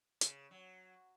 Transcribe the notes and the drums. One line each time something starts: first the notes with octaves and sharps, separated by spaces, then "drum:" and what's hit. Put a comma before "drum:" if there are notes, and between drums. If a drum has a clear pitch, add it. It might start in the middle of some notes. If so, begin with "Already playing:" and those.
C#3, drum: hi-hat
F#3